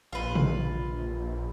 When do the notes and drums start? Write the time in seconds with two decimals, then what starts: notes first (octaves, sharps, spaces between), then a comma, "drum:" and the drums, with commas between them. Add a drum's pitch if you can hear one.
0.13 A#1 F4 B4
0.35 drum: tom